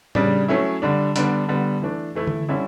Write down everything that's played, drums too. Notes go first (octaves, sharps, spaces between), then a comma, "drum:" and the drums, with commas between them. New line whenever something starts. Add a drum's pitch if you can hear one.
C#3 G3 D4, drum: tom A2
F#3 A3 C#4 E4
D3 G3 D4
D3 G3 B3 D4, drum: hi-hat
D3 G3 B3
E3 A3 D4
E3 A3 E4
drum: tom D3
D3 G3 C#4 E4